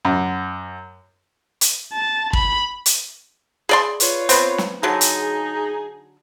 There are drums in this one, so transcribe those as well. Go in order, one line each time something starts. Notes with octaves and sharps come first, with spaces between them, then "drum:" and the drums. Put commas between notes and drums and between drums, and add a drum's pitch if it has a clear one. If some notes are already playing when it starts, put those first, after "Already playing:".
F#2
drum: hi-hat
A5
B5, drum: kick
drum: hi-hat
G#4 D5 C6
F4 B4 C#5, drum: hi-hat
B3 C4, drum: hi-hat
drum: snare
D3 F#3 D#4 G#4
drum: hi-hat